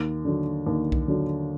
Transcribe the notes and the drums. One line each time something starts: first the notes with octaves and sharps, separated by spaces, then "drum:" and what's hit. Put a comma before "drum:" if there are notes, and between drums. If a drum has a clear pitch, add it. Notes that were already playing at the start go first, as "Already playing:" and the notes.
Already playing: D#2
D3 F#3
D#2
drum: kick B1
D3 F#3